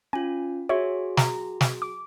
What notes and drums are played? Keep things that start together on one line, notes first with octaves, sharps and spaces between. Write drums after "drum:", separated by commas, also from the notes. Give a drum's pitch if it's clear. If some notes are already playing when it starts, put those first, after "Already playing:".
C#4 F4 G#5
F#4 G#4 C#5 E5
A#5, drum: snare
drum: snare
D6